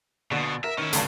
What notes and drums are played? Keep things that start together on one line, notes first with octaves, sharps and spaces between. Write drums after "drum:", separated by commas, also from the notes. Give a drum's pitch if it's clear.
A#1 B2 D3
A#4 E5
D#3 C#4 E4
G1 D2 G2 C#3, drum: hi-hat